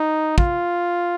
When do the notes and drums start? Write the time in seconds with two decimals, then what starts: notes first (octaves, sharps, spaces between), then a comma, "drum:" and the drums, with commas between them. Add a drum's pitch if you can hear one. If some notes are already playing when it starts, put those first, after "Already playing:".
Already playing: D#4
0.38 F4, drum: kick